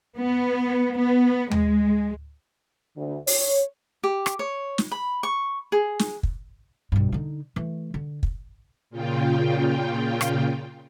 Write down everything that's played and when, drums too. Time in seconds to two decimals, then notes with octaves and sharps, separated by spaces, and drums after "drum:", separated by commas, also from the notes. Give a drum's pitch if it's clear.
0.18 B3
0.96 B3
1.51 G#3, drum: tom
2.96 D2
3.27 C#5, drum: open hi-hat
4.04 G4
4.26 drum: rim click
4.39 C#5
4.78 drum: snare
4.92 B5
5.23 C#6
5.72 G#4
5.99 drum: snare
6.23 drum: kick
6.92 B1 G2
7.12 D3 D#4
7.56 E3 A3
7.94 D3
8.23 drum: kick
8.90 A#2 C#3 F4 G5
10.21 drum: rim click